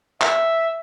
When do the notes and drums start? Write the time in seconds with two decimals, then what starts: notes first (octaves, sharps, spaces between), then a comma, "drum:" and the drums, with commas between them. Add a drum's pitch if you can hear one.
0.21 E5, drum: clap